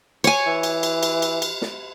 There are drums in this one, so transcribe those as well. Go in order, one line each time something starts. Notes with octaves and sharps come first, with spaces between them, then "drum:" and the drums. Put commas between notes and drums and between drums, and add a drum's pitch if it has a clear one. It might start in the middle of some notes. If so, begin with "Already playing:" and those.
C#5 G#5, drum: cymbal
E3
drum: cymbal
drum: cymbal
drum: cymbal
drum: cymbal
drum: cymbal
drum: snare